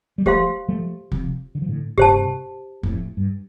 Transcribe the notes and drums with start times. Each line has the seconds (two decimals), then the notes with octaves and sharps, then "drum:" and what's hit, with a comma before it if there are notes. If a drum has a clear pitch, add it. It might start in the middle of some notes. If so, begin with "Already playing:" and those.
0.18 G3
0.26 F3 A3 G4 C5 F5 C6, drum: kick
0.68 F3 A3
1.12 C3 F3, drum: kick
1.55 D3
1.62 F3
1.68 A2 D3
1.98 G2 C3 G4 C5 A5, drum: kick
2.83 F2 A2, drum: kick
3.17 G2